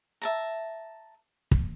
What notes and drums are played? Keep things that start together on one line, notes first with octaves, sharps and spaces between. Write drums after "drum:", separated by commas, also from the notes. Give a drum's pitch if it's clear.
E5 A5 A#5
drum: kick